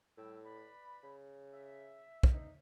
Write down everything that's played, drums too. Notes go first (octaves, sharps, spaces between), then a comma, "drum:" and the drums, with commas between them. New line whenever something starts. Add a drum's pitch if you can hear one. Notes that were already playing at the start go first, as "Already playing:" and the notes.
A2 G3 G5 E6
B4 D5 B5
C#3
E5
drum: kick
D#4